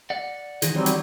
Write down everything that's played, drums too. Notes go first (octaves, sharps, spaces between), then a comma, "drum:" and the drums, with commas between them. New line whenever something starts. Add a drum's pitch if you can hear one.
D5 F#5
D#3 E3 D#4 G#4, drum: hi-hat
F#3 G3 C4 G4 C#5
drum: hi-hat